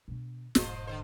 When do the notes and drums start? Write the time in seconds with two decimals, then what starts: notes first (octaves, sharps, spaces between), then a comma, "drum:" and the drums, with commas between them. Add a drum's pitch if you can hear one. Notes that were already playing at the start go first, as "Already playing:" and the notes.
0.08 B2 D3
0.55 E1 G#2 F3 C5 D#5, drum: snare
0.87 D3 D#3 C5